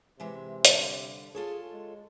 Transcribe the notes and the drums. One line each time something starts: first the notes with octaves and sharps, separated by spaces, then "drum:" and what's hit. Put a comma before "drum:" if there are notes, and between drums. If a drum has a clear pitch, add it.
C3 E3 G#3 E5
D3 G3 F5, drum: hi-hat
F4 G#4 A4 C#5
G#3